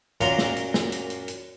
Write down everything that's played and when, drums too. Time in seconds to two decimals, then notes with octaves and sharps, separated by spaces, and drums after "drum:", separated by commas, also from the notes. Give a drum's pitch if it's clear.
0.21 F#2 A#2 F#3 F4 A#4 F5, drum: hi-hat
0.39 drum: snare
0.56 drum: hi-hat
0.74 drum: snare
0.92 drum: hi-hat
1.10 drum: hi-hat
1.28 drum: hi-hat